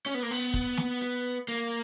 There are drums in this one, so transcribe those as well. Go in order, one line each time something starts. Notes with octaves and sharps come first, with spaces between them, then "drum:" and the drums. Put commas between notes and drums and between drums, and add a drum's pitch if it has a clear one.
C#4, drum: hi-hat
B3
A#3
B3
drum: kick, hi-hat
drum: snare
drum: hi-hat
A#3